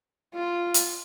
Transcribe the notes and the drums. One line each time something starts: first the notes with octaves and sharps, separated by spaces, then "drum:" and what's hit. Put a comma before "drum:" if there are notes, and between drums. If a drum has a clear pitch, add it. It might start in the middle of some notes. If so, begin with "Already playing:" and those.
F4
drum: hi-hat